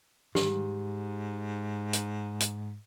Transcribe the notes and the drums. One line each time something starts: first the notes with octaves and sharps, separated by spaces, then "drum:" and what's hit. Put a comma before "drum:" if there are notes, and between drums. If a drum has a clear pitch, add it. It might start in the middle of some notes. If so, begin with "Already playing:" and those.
G#2 G4, drum: snare
drum: hi-hat
drum: hi-hat